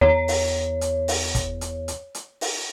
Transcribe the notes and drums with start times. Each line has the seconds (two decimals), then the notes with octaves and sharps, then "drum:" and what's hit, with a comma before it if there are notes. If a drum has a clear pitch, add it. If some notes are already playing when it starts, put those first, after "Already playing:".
0.01 E2 C#5
0.28 drum: open hi-hat
0.81 drum: hi-hat
1.08 drum: open hi-hat
1.35 drum: kick, hi-hat
1.61 drum: hi-hat
1.88 drum: hi-hat
2.15 drum: hi-hat
2.41 drum: open hi-hat